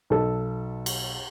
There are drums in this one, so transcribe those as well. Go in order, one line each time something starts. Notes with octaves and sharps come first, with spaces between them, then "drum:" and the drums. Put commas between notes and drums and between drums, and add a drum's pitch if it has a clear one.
B1 A4
drum: cymbal